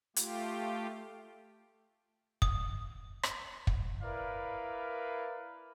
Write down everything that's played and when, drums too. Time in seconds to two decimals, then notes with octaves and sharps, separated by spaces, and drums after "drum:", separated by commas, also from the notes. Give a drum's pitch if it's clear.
0.16 A3 F4 G4, drum: hi-hat
2.42 D#6, drum: kick
3.23 drum: rim click
3.67 drum: kick
4.02 E4 A#4 B4 D5 F5